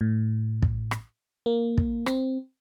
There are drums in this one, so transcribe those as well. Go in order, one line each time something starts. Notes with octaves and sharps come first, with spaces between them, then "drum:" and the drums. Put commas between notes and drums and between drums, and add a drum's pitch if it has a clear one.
A2
drum: kick
drum: rim click
A#3
drum: kick
C4, drum: rim click